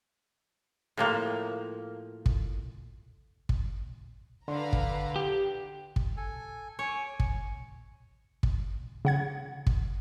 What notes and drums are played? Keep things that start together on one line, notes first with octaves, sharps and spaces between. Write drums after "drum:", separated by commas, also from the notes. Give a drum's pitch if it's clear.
A2 F3 A#3
drum: kick
drum: kick
D3 B4 D5 F5 A#5 C6
drum: kick
G4
drum: kick
A4 G#5
C#5 G#5 C#6 D6
drum: kick
drum: kick
C#3 F#5 G#6
drum: kick